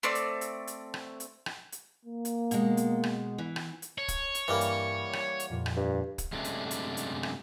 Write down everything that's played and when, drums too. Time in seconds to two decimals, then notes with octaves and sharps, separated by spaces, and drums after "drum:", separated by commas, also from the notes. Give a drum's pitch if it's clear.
0.03 A3 C4 D5
0.15 drum: hi-hat
0.41 drum: hi-hat
0.67 drum: hi-hat
0.94 drum: rim click
1.20 drum: hi-hat
1.46 drum: rim click
1.72 drum: hi-hat
2.05 A#3
2.25 drum: hi-hat
2.51 B2 G#3, drum: hi-hat
2.77 drum: hi-hat
3.04 drum: rim click
3.38 E3
3.56 drum: rim click
3.82 drum: hi-hat
3.98 C#5 A5 G#6
4.08 drum: kick, hi-hat
4.35 drum: hi-hat
4.48 G2 E3 G3 A#3
4.61 drum: hi-hat
4.94 F#5 G#5 B5
5.13 drum: rim click
5.40 drum: hi-hat
5.50 F2 A#2
5.66 drum: rim click
5.77 G2
6.18 drum: kick, hi-hat
6.33 F#2 C3 G#3 A3 D4
6.44 drum: hi-hat
6.71 drum: hi-hat
6.97 drum: hi-hat
7.23 drum: rim click